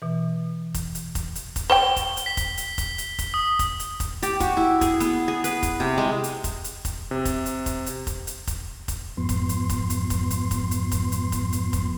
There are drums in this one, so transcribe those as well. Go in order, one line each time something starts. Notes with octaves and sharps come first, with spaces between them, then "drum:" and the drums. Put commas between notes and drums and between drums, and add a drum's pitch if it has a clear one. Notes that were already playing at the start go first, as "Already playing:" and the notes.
B2 E3
drum: kick, hi-hat
drum: hi-hat
drum: kick, hi-hat
drum: hi-hat
drum: kick, hi-hat
C5 C#5 G5 G7
drum: kick, hi-hat
drum: hi-hat
B6
drum: kick, hi-hat
drum: hi-hat
drum: kick, hi-hat
drum: hi-hat
drum: kick, hi-hat
D#6
drum: kick, hi-hat
drum: hi-hat
drum: kick, hi-hat
G4, drum: hi-hat
F#4, drum: kick, hi-hat
E4
G#4, drum: kick, hi-hat
B3, drum: hi-hat
G#4
B4, drum: hi-hat
drum: kick, hi-hat
C3
G#3
drum: hi-hat
drum: kick, hi-hat
drum: hi-hat
drum: kick, hi-hat
C3
drum: kick, hi-hat
drum: hi-hat
drum: kick, hi-hat
drum: hi-hat
drum: kick, hi-hat
drum: hi-hat
drum: kick, hi-hat
drum: kick, hi-hat
F2 G#2 F3 B3 C6
drum: kick, hi-hat
drum: hi-hat
drum: kick, hi-hat
drum: hi-hat
drum: kick, hi-hat
drum: hi-hat
drum: kick, hi-hat
drum: hi-hat
drum: kick, hi-hat
drum: hi-hat
drum: kick, hi-hat
drum: hi-hat
drum: kick, hi-hat